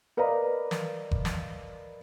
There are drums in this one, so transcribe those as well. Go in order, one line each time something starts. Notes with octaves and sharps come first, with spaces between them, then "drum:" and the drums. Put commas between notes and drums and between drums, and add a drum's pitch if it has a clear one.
A#4 B4 D5 D#5 F5 A#5
drum: snare
drum: kick F#1
drum: snare